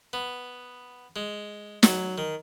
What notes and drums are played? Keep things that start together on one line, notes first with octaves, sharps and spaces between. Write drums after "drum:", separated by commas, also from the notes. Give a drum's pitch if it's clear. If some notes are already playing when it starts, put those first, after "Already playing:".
B3
G#3
F#3, drum: snare
D#3